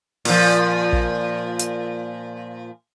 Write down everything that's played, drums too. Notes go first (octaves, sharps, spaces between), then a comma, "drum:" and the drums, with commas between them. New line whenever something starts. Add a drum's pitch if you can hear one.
A#2 F3, drum: open hi-hat
drum: kick
drum: hi-hat